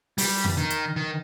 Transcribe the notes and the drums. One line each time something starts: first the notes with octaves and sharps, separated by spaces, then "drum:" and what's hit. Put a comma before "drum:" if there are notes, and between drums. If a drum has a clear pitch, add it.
G3, drum: open hi-hat
drum: tom F2
D#3
drum: hi-hat
D#3